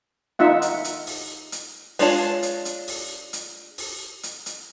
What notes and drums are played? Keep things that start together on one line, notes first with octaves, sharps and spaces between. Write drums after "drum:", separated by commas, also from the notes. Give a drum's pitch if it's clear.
D#4 F4 E5 F#5
drum: hi-hat
drum: hi-hat
drum: open hi-hat
drum: hi-hat
G#3 D4 F4 C#5 A5, drum: open hi-hat
drum: hi-hat
drum: hi-hat
drum: open hi-hat
drum: hi-hat
drum: open hi-hat
drum: hi-hat
drum: hi-hat